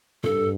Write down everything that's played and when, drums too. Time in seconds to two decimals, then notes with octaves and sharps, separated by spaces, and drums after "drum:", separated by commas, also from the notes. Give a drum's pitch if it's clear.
0.24 G2 A4, drum: tom